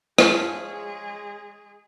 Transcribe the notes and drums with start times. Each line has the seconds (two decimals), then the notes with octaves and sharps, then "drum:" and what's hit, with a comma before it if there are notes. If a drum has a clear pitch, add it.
0.18 F3 G#3 C#4 G#4, drum: rim click